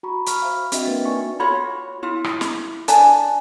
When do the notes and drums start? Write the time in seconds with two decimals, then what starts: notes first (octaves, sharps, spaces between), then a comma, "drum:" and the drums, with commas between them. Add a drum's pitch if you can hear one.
0.03 F#4 A#5 B5 C#6
0.26 B5 C#6 F6, drum: hi-hat
0.42 C5 E5 F5
0.72 C4 D4 F#4 D#5 E5 G5, drum: hi-hat
0.85 A#3 A#4 B4 E5 A6
1.05 D#4 D5 G#5 C#6
1.40 F4 F#4 C#5 B5
2.03 E4 F4
2.24 drum: rim click
2.41 drum: snare
2.88 D4 D5 G#5 A5, drum: hi-hat